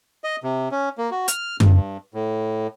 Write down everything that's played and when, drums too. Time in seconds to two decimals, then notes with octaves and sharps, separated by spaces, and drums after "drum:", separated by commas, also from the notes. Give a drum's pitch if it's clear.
0.24 D#5
0.43 C3
0.71 C#4
0.98 A#3
1.11 F#4
1.28 F6, drum: hi-hat
1.60 G2, drum: tom F#2
2.14 A2